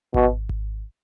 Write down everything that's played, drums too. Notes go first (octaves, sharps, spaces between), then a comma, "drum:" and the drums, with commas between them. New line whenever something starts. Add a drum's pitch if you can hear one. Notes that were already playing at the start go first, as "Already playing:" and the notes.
B2, drum: kick G#1
drum: kick G#1